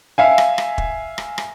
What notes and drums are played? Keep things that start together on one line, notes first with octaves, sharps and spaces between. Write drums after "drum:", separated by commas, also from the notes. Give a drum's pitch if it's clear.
E5 F5 G#5
drum: rim click
drum: rim click
drum: kick
drum: rim click
drum: rim click